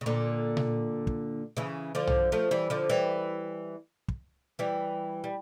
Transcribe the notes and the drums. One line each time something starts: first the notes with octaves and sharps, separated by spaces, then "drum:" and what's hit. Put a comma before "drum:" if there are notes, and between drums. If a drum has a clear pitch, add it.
C#3
A#2 D3
drum: tom A#2
drum: kick
C#3 E3
D3 F3
drum: tom
F3 A3
E3 G3
D3 F3
E3 G3
drum: kick
E3 G3
G3